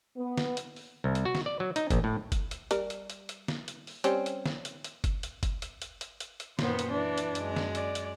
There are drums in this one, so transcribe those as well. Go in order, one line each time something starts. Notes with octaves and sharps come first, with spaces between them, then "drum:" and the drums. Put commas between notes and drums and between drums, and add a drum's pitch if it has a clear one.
B3
drum: snare
drum: hi-hat
drum: open hi-hat
C2
drum: hi-hat
F#4
drum: snare
D5
F#3
D#4, drum: hi-hat
A#1, drum: kick G1, hi-hat
A2
drum: kick G1, hi-hat
drum: hi-hat
G3 A#4, drum: hi-hat
drum: hi-hat
drum: hi-hat
drum: hi-hat
drum: snare
drum: hi-hat
drum: open hi-hat
G3 C4 C#4, drum: hi-hat
drum: hi-hat
drum: snare
drum: hi-hat
drum: hi-hat
drum: kick G1, hi-hat
drum: hi-hat
drum: kick G1, hi-hat
drum: hi-hat
drum: hi-hat
drum: hi-hat
drum: hi-hat
drum: hi-hat
F#2 A#2 D#3 B3 C5, drum: snare
drum: hi-hat
E3 D4
drum: hi-hat
F#2 G#3, drum: hi-hat
drum: snare
D5, drum: hi-hat
drum: hi-hat